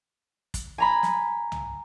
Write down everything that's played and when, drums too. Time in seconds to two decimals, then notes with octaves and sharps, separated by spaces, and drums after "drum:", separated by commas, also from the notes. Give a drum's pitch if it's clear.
0.54 drum: kick, hi-hat
0.78 G#5 A#5 B5
1.03 drum: snare
1.52 drum: tom C2